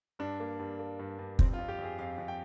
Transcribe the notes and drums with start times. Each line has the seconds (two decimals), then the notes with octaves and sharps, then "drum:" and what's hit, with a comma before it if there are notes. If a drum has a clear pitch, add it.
0.19 G2 D4
0.40 A#3
0.59 G2
0.79 A#3
0.99 G2
1.19 G2
1.39 F2 C4, drum: kick
1.53 F4
1.58 F2
1.68 G4
1.78 F2 G#4
1.99 F2 F5
2.18 F2
2.28 G5